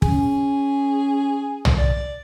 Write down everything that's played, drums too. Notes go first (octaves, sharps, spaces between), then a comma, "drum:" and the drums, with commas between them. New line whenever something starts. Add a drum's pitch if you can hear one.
C#4 G#4, drum: kick
drum: tom
D5